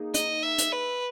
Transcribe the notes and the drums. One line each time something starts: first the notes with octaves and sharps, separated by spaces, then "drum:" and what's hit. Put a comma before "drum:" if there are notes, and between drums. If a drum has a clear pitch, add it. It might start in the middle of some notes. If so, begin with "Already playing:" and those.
Already playing: A#3 D#4 G#4
D#5, drum: hi-hat
E5
drum: hi-hat
B4